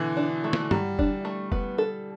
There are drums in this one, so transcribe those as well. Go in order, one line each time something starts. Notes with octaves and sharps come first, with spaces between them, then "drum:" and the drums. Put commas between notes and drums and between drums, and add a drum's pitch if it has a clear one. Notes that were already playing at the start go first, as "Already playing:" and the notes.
Already playing: B2 D3 E3
D4
A3
drum: snare
F#3 G3, drum: tom
D4, drum: kick F1
A3
B3, drum: kick F1
A4